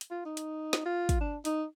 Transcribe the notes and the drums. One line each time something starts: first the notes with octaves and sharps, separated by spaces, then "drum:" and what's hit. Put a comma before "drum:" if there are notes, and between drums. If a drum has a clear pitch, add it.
drum: hi-hat
F4
D#4
drum: hi-hat
drum: snare
F4
drum: kick, hi-hat
D4
D#4, drum: hi-hat